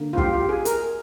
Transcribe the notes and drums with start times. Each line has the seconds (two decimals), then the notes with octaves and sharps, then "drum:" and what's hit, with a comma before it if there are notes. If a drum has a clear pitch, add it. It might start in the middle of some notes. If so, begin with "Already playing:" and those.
Already playing: D3 A#3
0.13 F4
0.18 G4, drum: kick
0.34 G4
0.49 G#4
0.65 A#4, drum: hi-hat